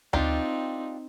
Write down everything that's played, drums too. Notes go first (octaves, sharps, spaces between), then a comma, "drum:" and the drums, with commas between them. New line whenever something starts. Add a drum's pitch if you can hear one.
C4 D4 D#4 F4 G4, drum: tom D2